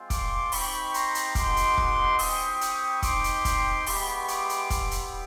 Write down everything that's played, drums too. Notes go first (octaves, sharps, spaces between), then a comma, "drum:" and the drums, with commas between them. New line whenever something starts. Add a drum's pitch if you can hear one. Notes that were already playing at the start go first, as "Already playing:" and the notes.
Already playing: G#3 C4 F4
C6 D6, drum: kick, hi-hat
C4 D#4 G4 B5 C#6, drum: open hi-hat
A#5 C6, drum: hi-hat
drum: hi-hat
G#3 B3 D#4 F#4 C6 D6, drum: kick, hi-hat
drum: hi-hat
drum: kick
C4 E4 G4 C#6 D#6, drum: open hi-hat
drum: hi-hat
C4 D#4 G4 C6 D6, drum: kick, hi-hat
drum: hi-hat
drum: kick, hi-hat
G#3 B3 E4 G4 B5 C#6, drum: open hi-hat
C6 D6, drum: hi-hat
drum: hi-hat
G3 B3 E4 G4, drum: kick, hi-hat
drum: hi-hat